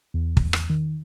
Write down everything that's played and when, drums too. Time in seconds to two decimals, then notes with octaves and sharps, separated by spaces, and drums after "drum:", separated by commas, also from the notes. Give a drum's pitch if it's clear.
0.14 E2
0.37 drum: kick
0.53 drum: rim click
0.70 D#3